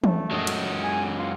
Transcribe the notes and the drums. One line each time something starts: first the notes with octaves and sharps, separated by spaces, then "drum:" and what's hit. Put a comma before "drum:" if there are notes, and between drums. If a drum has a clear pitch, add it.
A3, drum: tom E3
F#2 F#3 G#3
drum: cymbal
G#5
F4